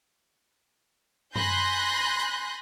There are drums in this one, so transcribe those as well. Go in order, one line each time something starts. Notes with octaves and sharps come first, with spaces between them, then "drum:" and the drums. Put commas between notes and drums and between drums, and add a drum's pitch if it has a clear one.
G#5 B5 C6 F#6 G6 A#6, drum: tom F#2
drum: hi-hat